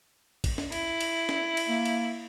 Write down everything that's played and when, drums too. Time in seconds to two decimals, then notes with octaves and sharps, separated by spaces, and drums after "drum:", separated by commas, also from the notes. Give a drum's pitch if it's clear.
0.44 drum: kick, cymbal
0.58 drum: snare
0.72 E4, drum: cymbal
1.01 drum: cymbal
1.29 drum: snare
1.57 drum: cymbal
1.69 A#3
1.85 drum: cymbal